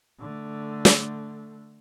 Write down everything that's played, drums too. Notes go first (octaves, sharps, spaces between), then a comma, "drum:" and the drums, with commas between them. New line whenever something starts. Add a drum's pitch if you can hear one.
D3 A3
drum: snare